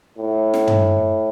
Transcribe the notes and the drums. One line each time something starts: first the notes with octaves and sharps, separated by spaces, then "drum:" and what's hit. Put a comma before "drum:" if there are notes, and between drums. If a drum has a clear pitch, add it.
A2
drum: snare
drum: tom